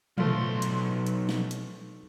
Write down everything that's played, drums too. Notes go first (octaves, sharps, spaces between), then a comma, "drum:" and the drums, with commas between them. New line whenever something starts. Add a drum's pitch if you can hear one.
B1 B2 A3 F4 C5 C6, drum: tom
drum: hi-hat
drum: hi-hat
drum: snare
drum: hi-hat